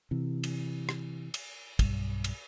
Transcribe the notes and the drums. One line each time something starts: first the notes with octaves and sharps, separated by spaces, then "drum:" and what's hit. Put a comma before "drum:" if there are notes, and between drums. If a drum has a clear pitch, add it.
C3 E3
drum: cymbal
drum: rim click
drum: cymbal
B1 G2, drum: kick, cymbal
drum: cymbal